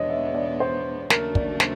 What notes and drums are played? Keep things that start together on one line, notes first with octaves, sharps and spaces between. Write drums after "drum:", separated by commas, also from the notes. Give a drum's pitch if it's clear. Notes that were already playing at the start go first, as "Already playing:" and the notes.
Already playing: E2 B2 G#3 B3 D4 C#5 D#5
E5
D5
C5
D#2 C#3 F#3 A3 D4 A#4, drum: snare
D5, drum: kick
C5, drum: snare